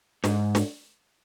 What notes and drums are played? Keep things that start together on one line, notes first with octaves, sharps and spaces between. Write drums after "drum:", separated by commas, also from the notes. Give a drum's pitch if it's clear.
G#2, drum: snare
drum: snare